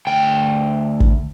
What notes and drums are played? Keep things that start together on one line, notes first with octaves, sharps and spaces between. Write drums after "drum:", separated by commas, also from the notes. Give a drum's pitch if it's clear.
D2 G5
drum: kick